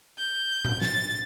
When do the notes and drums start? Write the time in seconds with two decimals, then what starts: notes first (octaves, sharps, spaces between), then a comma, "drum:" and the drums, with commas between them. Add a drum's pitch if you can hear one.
0.18 G6
0.65 drum: tom A2
0.81 A6, drum: snare